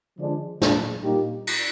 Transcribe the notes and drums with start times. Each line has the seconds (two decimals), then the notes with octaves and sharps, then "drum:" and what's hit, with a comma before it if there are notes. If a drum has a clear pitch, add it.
0.18 D3 F3 G#3 D4
0.62 A#2 G#3 D4, drum: snare
1.03 A#2 G3 A#3 D#4 G4
1.47 drum: cymbal